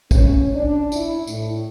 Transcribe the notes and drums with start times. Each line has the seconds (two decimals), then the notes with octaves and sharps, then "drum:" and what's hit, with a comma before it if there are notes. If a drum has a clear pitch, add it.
0.11 C#4, drum: kick, tambourine
0.55 D4
0.92 E4, drum: tambourine
1.27 A2, drum: tambourine